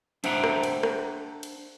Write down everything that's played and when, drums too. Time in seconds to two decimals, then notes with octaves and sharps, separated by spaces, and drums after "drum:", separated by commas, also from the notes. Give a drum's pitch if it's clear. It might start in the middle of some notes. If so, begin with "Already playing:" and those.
0.24 D4 C5 E5 F#5 G5 A#5, drum: cymbal
0.44 drum: rim click
0.63 drum: cymbal
0.83 drum: rim click
1.43 drum: cymbal